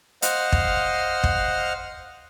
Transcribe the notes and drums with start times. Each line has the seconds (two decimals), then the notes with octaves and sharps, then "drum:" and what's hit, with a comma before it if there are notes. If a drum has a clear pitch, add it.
0.22 C5 D#5 F5 F#5 F6, drum: hi-hat
0.52 drum: kick
1.24 drum: kick